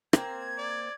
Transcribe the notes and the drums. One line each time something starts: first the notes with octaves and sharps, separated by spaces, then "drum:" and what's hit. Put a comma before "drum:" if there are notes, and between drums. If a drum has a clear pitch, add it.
A#3 C4 G#6, drum: rim click
D5